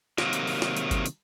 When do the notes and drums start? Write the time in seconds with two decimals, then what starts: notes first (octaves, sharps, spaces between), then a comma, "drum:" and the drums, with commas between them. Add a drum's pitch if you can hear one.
0.18 C3 D#3 F#3 A#3, drum: snare
0.33 drum: hi-hat
0.47 drum: open hi-hat
0.62 drum: snare
0.77 drum: hi-hat
0.91 drum: kick G1, hi-hat
1.06 drum: hi-hat